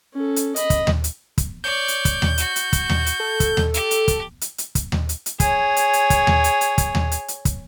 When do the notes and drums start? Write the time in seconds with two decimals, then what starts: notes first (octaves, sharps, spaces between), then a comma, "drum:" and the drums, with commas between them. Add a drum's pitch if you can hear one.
0.14 C#4 A4
0.36 drum: hi-hat
0.56 D#5 B5, drum: hi-hat
0.70 drum: kick, hi-hat
0.87 drum: tom D#2
1.04 drum: hi-hat
1.38 drum: kick, hi-hat
1.64 C#5 D5 G6
1.88 drum: hi-hat
2.05 drum: kick, hi-hat
2.22 drum: tom D#2
2.37 F#4, drum: hi-hat
2.56 drum: hi-hat
2.73 drum: kick, hi-hat
2.90 drum: tom D#2
3.06 drum: hi-hat
3.20 A4
3.40 drum: kick, hi-hat
3.57 drum: tom D#2
3.74 G4, drum: hi-hat
3.91 drum: hi-hat
4.08 drum: kick, hi-hat
4.41 drum: hi-hat
4.58 drum: hi-hat
4.75 drum: kick, hi-hat
4.92 drum: tom D#2
5.09 drum: hi-hat
5.26 drum: hi-hat
5.40 G#4 C#5, drum: kick, hi-hat
5.76 drum: hi-hat
5.93 drum: hi-hat
6.10 drum: kick, hi-hat
6.27 drum: tom D#2
6.44 drum: hi-hat
6.61 drum: hi-hat
6.78 drum: kick, hi-hat
6.95 drum: tom D#2
7.12 drum: hi-hat
7.28 drum: hi-hat
7.45 drum: kick, hi-hat